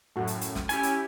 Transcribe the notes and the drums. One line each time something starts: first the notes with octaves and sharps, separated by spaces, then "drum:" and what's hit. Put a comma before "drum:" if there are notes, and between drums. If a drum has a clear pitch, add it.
F#2 A2 A3 F#4
drum: hi-hat
drum: hi-hat
drum: snare
C#4 E4 G4 G#5, drum: hi-hat
drum: hi-hat